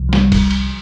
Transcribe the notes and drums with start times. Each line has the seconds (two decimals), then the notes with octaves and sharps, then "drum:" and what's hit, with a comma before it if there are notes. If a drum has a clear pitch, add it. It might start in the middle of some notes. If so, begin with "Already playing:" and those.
Already playing: C2 C3 F3
0.09 F#3
0.13 G3, drum: snare
0.32 drum: kick E1, cymbal
0.51 drum: cymbal